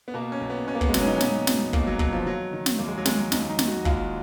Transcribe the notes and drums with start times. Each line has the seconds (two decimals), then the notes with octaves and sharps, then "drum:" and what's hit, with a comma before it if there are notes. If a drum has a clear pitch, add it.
0.08 B3
0.14 B2 A#3
0.32 C#4
0.41 B1
0.50 B3
0.68 B2 C#4
0.75 A#3
0.81 B3, drum: kick
0.89 G#3
0.94 B2 F#3, drum: snare
1.01 C#4
1.06 D#4
1.17 C#4
1.21 B2 B3, drum: snare
1.47 B2, drum: snare
1.73 B1 A#3, drum: kick
1.87 F#3
1.99 B2 F#3, drum: kick
2.13 F3
2.26 D#3 F#3
2.53 D#3
2.66 drum: snare
2.79 D#2 A#3
2.88 G#3
2.97 F#3
3.05 D#3 G#3, drum: snare
3.32 D#2 D#4, drum: snare
3.50 D#4
3.59 D#3, drum: snare
3.68 F#4
3.85 D#2 F4, drum: kick